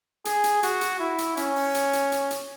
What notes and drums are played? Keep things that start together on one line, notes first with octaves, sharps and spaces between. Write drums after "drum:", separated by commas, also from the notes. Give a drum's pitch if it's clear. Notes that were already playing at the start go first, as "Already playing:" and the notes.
G#4, drum: hi-hat
drum: hi-hat
F#4, drum: hi-hat
drum: hi-hat
E4
drum: hi-hat
C#4, drum: hi-hat
drum: open hi-hat
drum: hi-hat
drum: hi-hat
drum: hi-hat
drum: hi-hat